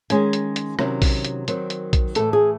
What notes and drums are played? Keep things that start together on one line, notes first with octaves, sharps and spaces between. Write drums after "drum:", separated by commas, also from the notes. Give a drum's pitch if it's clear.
D#3 G#3 C#4 G#5, drum: hi-hat
drum: hi-hat
drum: hi-hat
C3 D#3 F#3 C#4 E4, drum: rim click
drum: kick A#1, open hi-hat
drum: hi-hat
D#3 F#3 C4, drum: hi-hat
drum: hi-hat
drum: kick A#1, hi-hat
A2 E3 A3 A4, drum: hi-hat
G#4